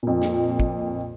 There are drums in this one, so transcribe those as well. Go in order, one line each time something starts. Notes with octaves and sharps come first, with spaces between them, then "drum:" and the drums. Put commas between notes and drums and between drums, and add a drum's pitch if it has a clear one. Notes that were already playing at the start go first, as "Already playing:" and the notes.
F2 A#2
drum: snare
drum: kick